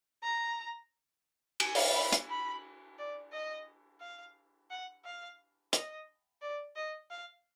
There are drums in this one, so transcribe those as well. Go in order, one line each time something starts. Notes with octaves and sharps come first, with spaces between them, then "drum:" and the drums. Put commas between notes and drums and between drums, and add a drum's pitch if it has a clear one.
A#5
G#5, drum: cymbal
drum: open hi-hat
B5
drum: hi-hat
B5
D5
D#5
F5
F#5
F5
D#5, drum: hi-hat
D5
D#5
F5